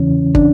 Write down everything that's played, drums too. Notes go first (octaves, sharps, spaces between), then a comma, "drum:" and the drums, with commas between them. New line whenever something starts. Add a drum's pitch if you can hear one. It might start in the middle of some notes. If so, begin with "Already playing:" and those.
Already playing: E2 C#3 E3 C#4
D4, drum: kick